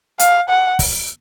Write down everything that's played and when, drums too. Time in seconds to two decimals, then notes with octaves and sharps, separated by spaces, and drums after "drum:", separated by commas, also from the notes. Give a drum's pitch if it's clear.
0.19 F5, drum: hi-hat
0.49 F#5
0.79 drum: kick, open hi-hat